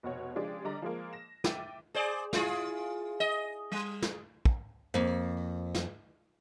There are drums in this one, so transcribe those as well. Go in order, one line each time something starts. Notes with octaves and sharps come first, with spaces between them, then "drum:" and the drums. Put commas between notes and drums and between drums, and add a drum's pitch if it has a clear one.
F1 B2 F#4 C#5
C#3 F3 G#3 D4 G4
D3 G3 D5 D#5 A#5
F3 G#3 A#3
A#6 E7
E5 G5 D6 A6 D#7, drum: snare
G#4 C5 D5
E4 F4 G#4, drum: snare
D#5
G3
drum: snare
drum: kick
F2 A#3
drum: snare